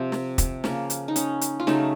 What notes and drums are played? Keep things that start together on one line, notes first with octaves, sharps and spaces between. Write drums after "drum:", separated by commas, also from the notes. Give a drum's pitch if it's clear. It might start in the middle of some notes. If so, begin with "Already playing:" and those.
Already playing: C3 F3 C4
drum: snare
drum: kick, hi-hat
C#3 F3 A#3, drum: snare
drum: hi-hat
D#4
C#4, drum: hi-hat
drum: hi-hat
F4
C#3 F#3 A3 D#4, drum: snare